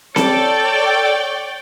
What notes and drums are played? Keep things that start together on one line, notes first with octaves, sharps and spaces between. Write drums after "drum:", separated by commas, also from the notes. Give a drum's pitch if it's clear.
A4 C#5 D5 G5, drum: snare C4